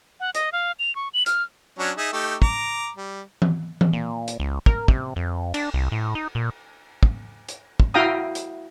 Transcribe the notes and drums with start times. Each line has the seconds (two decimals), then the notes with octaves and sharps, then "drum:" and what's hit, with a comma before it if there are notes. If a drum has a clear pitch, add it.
0.20 F#5
0.35 D#5, drum: hi-hat
0.52 F5
0.79 F7
0.96 C#6
1.14 F#7
1.26 F6, drum: hi-hat
1.79 F#3 C#4 D4
1.98 D#4 G#4 E5
2.13 A3 D#4 G4
2.42 A#5 D6, drum: kick
2.97 G3
3.42 drum: tom E3
3.81 drum: tom E3
3.93 A#2
4.28 drum: hi-hat
4.40 C#2
4.66 A#4, drum: kick
4.88 C3, drum: kick
5.16 F2
5.54 D4, drum: cymbal
5.74 C2
5.92 A2
6.15 D#4
6.35 A#2
7.03 drum: kick
7.49 drum: hi-hat
7.80 drum: kick
7.94 E4 F#4 F5 G5 A#5 D#6
8.35 drum: hi-hat